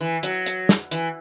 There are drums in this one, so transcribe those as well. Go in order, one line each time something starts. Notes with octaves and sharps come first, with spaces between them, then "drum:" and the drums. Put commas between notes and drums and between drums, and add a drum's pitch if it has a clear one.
E3
F#3, drum: hi-hat
drum: hi-hat
drum: snare
E3, drum: hi-hat